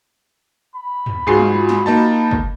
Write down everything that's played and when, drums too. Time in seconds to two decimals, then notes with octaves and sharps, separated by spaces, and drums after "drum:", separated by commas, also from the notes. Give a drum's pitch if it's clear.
0.75 B5
1.06 drum: tom
1.27 G#2 F4 F#4 G#4 C7
1.37 drum: tom
1.69 drum: snare
1.86 A#3 D#4 A5
2.31 drum: kick